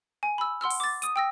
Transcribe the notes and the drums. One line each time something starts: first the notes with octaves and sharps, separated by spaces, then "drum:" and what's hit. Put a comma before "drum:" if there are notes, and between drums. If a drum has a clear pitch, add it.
G#5
B5 E6
F#5 C6 E6 F6
drum: open hi-hat
D6 A6
D#6 D#7, drum: hi-hat
G5 E6 A#6